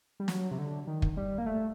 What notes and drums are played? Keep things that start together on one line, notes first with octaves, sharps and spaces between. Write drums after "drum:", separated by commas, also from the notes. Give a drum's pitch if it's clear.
G3
F#3, drum: snare
C3
D3
D#3
drum: kick
G3
A#3
A3